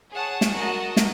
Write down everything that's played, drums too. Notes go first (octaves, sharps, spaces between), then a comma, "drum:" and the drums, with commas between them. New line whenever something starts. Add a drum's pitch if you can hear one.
G#4 C#5 F#5 A5
drum: snare
F#4 A#4 D#5 F#5 A5
drum: snare